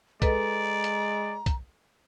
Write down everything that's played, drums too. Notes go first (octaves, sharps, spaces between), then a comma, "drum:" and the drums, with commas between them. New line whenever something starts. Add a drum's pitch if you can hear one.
G#3 A4 B4 D5 D#5 A#5, drum: kick B1, hi-hat
drum: hi-hat
drum: kick B1, hi-hat